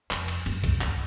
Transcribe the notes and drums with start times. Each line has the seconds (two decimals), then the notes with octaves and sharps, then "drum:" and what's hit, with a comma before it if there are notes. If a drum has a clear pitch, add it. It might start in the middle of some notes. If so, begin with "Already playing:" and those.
0.11 F2, drum: clap
0.28 drum: cymbal
0.46 F#2, drum: cymbal
0.64 drum: kick, cymbal
0.81 G2, drum: clap